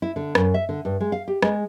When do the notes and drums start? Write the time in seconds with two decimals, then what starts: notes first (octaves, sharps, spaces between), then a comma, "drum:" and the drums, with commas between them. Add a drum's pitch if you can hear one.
0.02 E4
0.16 D3
0.35 F#2, drum: rim click
0.54 E5
0.69 D3
0.85 G2
1.00 G#3
1.12 F5
1.28 G4
1.42 G#3, drum: rim click